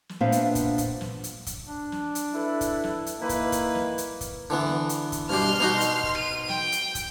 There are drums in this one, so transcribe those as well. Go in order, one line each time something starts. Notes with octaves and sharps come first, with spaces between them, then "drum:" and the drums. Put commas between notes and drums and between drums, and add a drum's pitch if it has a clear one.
drum: snare
A#2 B3 D4 C5 E5 F5
drum: hi-hat
drum: kick, hi-hat
drum: kick, hi-hat
drum: snare
drum: hi-hat
drum: kick, hi-hat
D4
drum: snare
drum: hi-hat
E4 A4 B4
drum: kick, hi-hat
drum: snare
drum: hi-hat
D#3 A#3 E4 B4
drum: kick, hi-hat
drum: kick, hi-hat
drum: snare
drum: hi-hat
drum: kick, hi-hat
D3 E3 B3
drum: snare
drum: hi-hat
drum: kick, hi-hat
G2 B2 G3 C6 F6
B2 D#4 F#4, drum: snare
drum: hi-hat
drum: kick
D#7
G5, drum: snare
drum: hi-hat
drum: kick, hi-hat